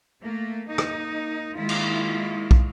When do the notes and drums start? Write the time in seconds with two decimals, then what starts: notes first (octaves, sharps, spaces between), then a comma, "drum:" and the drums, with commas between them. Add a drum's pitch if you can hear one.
0.22 A3 A#3
0.68 A#3 D#4
0.78 drum: rim click
1.56 D#3 G#3 A#3 E4 F4
1.69 drum: cymbal
2.51 drum: kick